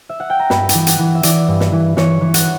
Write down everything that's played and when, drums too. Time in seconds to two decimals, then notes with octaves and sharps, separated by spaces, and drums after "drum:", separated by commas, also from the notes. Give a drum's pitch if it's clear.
0.09 E5
0.20 F#5
0.30 G5
0.39 A#5
0.50 G2 B5, drum: snare
0.69 G5, drum: hi-hat
0.74 E3
0.87 F#5, drum: hi-hat
0.99 E3
1.15 E5
1.23 E3 D5, drum: hi-hat
1.48 G2
1.60 drum: snare
1.72 E3
1.97 E3 C#5, drum: snare
2.21 E3
2.34 F#5, drum: hi-hat